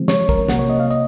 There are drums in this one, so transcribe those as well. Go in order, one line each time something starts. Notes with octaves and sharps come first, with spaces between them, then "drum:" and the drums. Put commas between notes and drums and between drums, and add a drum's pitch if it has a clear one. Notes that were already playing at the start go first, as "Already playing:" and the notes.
Already playing: C#3 F3 G#3 C4
C#5, drum: snare
A#4, drum: kick
C3 F#3 A#3 F#5, drum: snare
C#5
D#5
F5
D#5, drum: hi-hat